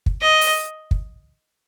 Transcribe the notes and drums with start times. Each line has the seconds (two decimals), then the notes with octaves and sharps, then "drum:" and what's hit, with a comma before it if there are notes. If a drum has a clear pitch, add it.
0.06 drum: kick
0.21 D#5
0.41 drum: open hi-hat
0.91 drum: kick